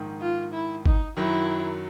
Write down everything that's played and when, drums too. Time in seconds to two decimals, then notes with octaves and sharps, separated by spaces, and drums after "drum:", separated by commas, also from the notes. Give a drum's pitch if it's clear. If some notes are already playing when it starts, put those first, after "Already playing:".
Already playing: A#1 G#2 D#3
0.21 F4
0.53 E4
0.86 D#4, drum: kick G1
1.17 F#2 D#3 F#3 E4